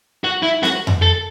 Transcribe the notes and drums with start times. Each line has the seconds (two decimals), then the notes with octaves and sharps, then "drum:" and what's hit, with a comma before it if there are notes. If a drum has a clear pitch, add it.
0.24 F#4
0.43 E4
0.63 F#4, drum: snare C4
0.87 drum: tom F2
1.02 A4